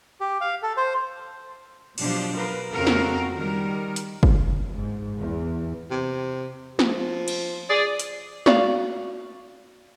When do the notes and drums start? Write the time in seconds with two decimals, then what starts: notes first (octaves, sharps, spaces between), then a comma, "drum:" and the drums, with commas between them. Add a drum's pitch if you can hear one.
0.20 G4
0.41 F5
0.63 A4
0.77 C5
1.98 B2 F3 F#3 D4 G4, drum: cymbal
2.34 F3 A#4 B4
2.72 F2 C#3 C4 F#4 A4 A#4
2.87 drum: snare
3.34 D#3 G3 A#4
3.96 drum: hi-hat
4.23 drum: kick
4.71 G#2
5.19 E2
5.90 C3
6.79 F3, drum: snare
7.28 drum: cymbal
7.69 G#4 D5
7.99 drum: hi-hat
8.46 F#4 D5 F5, drum: snare